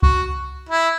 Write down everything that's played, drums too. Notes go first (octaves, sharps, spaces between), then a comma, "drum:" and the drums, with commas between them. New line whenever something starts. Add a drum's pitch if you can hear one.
F#4, drum: kick C2
E4